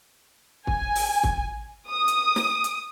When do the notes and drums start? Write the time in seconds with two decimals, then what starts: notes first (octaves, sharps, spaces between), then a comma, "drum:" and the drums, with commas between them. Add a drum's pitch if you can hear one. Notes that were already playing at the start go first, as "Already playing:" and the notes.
0.67 G#5, drum: kick
0.95 drum: open hi-hat
1.24 drum: kick
1.89 D#6
2.08 drum: hi-hat
2.36 drum: snare
2.64 drum: hi-hat